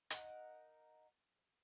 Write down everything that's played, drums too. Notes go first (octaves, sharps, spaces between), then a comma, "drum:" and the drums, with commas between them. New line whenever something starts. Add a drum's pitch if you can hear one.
D#4 A#4 F#5, drum: hi-hat